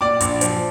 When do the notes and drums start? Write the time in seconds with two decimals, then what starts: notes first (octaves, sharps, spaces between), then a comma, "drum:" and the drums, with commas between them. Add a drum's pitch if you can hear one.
0.01 A#2 D5 D6
0.21 A#1, drum: hi-hat
0.41 F3, drum: hi-hat